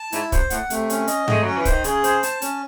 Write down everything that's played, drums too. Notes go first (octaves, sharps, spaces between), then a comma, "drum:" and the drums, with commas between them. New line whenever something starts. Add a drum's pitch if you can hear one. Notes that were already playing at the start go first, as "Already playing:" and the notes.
Already playing: A5
G#2 E4, drum: hi-hat
F#2 C5, drum: kick, hi-hat
A2 F#5, drum: hi-hat
C3 A3, drum: hi-hat
C#4, drum: hi-hat
D#5, drum: hi-hat
G#3 A3, drum: tom G#2
F#3 C#4
E3
D#3 C5, drum: kick, hi-hat
C#3 G#4, drum: hi-hat
C5, drum: hi-hat
A5, drum: hi-hat
C#4, drum: hi-hat